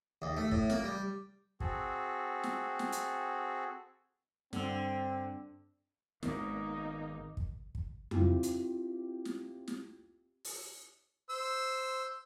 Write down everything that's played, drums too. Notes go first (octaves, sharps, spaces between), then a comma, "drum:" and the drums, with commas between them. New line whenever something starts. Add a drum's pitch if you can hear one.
D#2
A3
A2, drum: kick
A#3, drum: snare
G3
C4 F#4 G#4 A4, drum: kick
drum: snare
drum: snare
drum: hi-hat
G2 D3 C4 E6, drum: snare
G#1 B2 D#3 A#3 D#4, drum: snare
drum: kick
drum: kick
C4 E4 F4 G4, drum: tom F2
drum: hi-hat
drum: snare
drum: snare
drum: open hi-hat
C5 E6